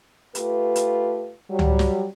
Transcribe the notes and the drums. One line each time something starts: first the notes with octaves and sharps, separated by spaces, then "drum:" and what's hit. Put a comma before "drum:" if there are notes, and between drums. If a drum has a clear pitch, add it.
A3 F4 G4 B4, drum: hi-hat
drum: hi-hat
F#3 G3
drum: tom C#2
drum: snare